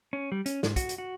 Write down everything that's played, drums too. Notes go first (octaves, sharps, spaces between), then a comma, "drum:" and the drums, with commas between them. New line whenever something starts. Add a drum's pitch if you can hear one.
C#4
G3
C#4, drum: hi-hat
G#2, drum: snare
F#4, drum: kick, hi-hat
drum: hi-hat
F#4